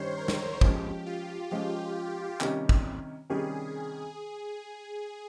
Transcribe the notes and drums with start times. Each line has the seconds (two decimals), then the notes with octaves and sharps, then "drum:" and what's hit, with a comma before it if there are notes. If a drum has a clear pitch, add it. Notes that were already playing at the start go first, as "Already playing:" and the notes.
Already playing: G2 D#3 G3 C#4 C5 C#5 C6
0.17 A#4
0.28 drum: snare
0.61 F3 G#3 C#4 G4, drum: kick
1.06 F4
1.51 F3 G#3 C#4 G4
2.41 C3 D#3 G3 C#4 G4, drum: clap
2.69 drum: kick
3.30 C3 D#3 G3 C#4 G4 G#4